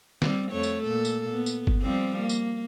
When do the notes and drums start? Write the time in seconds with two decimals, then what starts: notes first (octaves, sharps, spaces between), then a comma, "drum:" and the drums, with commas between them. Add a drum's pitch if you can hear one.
0.22 G3 C4, drum: snare
0.51 F2 A3 C#5
0.63 drum: tambourine
0.83 A#2 A4
1.05 drum: tambourine
1.31 B3
1.46 drum: tambourine
1.67 drum: kick G1
1.81 F3 G3 C4
2.19 A#3
2.29 drum: tambourine